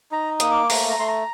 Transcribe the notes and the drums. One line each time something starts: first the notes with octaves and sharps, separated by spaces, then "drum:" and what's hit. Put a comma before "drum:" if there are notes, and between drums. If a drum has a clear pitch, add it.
D#4 A#5
A#3 D#6, drum: hi-hat
D6
A3 A#5, drum: open hi-hat
A#5
A3 C6
A#5